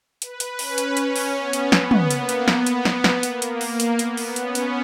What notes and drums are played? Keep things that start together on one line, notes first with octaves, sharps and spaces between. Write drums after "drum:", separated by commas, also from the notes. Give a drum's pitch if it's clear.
B4, drum: hi-hat
drum: hi-hat
C#4, drum: open hi-hat
drum: hi-hat
drum: hi-hat
drum: open hi-hat
B3
drum: hi-hat
drum: snare
drum: tom
A#3, drum: hi-hat
drum: hi-hat
B3, drum: snare
drum: hi-hat
drum: snare
drum: snare
A#3, drum: hi-hat
drum: hi-hat
drum: open hi-hat
drum: hi-hat
B3, drum: hi-hat
drum: open hi-hat
C#4, drum: hi-hat
drum: hi-hat